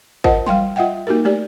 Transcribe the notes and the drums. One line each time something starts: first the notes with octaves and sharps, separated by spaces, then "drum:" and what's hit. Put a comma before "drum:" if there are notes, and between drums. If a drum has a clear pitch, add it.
F4 A#4 C5 D#5 F#5 A5, drum: kick G#1
G3 F5 G5 C6, drum: tom
F4 D#5 E5 F#5 G5
A#3 D#4 F#4 G4 A#4
A3 G4 D5